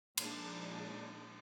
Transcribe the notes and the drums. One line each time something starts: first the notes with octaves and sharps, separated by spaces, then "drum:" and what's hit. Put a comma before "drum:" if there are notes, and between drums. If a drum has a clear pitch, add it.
A#2 F3 G#3 D4 D#4, drum: cymbal